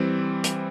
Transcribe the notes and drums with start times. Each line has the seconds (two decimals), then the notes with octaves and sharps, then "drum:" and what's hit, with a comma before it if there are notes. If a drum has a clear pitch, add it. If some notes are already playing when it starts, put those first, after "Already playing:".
Already playing: E3 G3 C4
0.44 drum: hi-hat